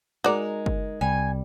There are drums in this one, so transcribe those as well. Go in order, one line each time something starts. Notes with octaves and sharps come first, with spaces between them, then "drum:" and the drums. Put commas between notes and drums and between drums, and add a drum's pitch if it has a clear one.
G#3 D#4 F#4 A#4 D5
drum: kick
C2 G3 G#5